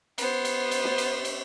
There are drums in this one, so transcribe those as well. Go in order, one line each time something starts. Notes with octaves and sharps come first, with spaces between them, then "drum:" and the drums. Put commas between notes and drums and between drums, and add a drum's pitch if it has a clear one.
B3 C5, drum: cymbal
drum: cymbal
drum: cymbal
drum: snare
drum: cymbal
drum: cymbal